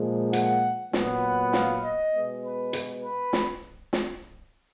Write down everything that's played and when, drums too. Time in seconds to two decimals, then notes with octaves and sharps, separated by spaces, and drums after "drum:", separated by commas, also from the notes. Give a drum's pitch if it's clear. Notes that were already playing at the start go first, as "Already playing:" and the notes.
Already playing: A#2 F3 G#3
0.33 F#5, drum: hi-hat
0.93 A#2 F#3 B3, drum: snare
1.24 F#5
1.53 F5, drum: snare
1.84 D#5
2.14 B2 G#3 B3
2.43 B4
2.73 drum: hi-hat
3.03 B4
3.33 drum: snare
3.93 drum: snare